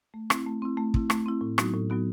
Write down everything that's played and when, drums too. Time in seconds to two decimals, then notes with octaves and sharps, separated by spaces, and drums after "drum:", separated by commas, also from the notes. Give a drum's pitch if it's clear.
0.14 A3
0.30 C4 E4, drum: rim click
0.46 A3
0.62 C4 E4
0.77 A3
0.94 C4 E4, drum: kick
1.10 A3, drum: rim click
1.26 C4 E4
1.41 A2
1.58 F#3 B3 D#4 F#4, drum: rim click
1.74 A2
1.90 F#3 B3 D#4 F#4